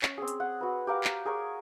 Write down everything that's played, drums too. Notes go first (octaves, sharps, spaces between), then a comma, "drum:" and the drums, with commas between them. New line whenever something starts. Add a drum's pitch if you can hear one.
C#4, drum: clap
C4 G#4
drum: hi-hat
F#5
F#4 B4
G4 A#4 F5 F#5
drum: clap
G#4 A#4 C#5